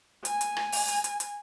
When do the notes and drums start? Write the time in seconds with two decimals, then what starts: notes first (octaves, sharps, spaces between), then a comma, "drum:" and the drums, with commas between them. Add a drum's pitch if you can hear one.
0.25 G#5, drum: hi-hat
0.41 drum: hi-hat
0.57 drum: rim click
0.72 drum: open hi-hat
0.88 drum: hi-hat
1.04 drum: hi-hat
1.20 drum: hi-hat